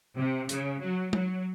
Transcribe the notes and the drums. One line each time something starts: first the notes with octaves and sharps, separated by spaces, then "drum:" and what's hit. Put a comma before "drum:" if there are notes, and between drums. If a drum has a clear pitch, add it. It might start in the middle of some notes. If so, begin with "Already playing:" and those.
C3
C#3, drum: hi-hat
F#3
F#3, drum: tom